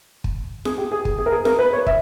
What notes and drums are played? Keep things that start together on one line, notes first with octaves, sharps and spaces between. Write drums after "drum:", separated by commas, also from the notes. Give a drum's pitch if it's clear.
drum: kick
G#4, drum: snare F4
G4
G#4
drum: kick
G#4
A#4
G#4
A#4, drum: snare F4
B4
C#5
E5, drum: kick